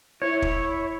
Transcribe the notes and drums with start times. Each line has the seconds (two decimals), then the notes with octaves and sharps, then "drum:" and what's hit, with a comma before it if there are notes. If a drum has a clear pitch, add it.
0.22 E4 C#5
0.42 drum: kick